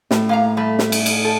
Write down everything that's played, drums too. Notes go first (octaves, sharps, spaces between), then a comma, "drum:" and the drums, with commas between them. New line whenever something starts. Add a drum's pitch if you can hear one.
A2, drum: snare
A#3 F5 A#5
G3 A3
drum: snare
drum: cymbal
drum: cymbal
A4